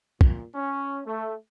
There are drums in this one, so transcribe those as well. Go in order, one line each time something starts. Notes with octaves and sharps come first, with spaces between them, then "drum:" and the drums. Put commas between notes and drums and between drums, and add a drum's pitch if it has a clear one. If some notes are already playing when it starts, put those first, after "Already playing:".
A#2, drum: kick
C#4
A3